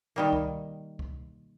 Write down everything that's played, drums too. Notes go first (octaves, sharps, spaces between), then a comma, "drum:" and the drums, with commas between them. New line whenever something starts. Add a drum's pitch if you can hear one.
D#3 G3 A#3
drum: kick
drum: kick